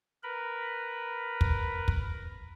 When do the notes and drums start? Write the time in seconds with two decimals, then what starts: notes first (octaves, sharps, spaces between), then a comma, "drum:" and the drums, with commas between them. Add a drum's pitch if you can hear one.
0.23 A#4 B4 B5
1.41 drum: kick
1.88 drum: kick